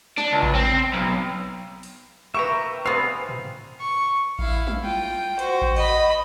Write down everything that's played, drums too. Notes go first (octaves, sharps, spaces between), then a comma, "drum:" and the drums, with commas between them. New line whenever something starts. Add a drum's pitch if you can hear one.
D4, drum: snare
C#2
drum: kick A1
C4
B1
drum: open hi-hat
A#3 B4 E5 G5 A#5 C#6
G3 B3 C4 G#4 F5 C7
drum: tom
C#6
E4 F5, drum: kick A1
drum: tom
F4 G5
F#4 C5, drum: hi-hat
drum: kick A1
D#5 B5, drum: cymbal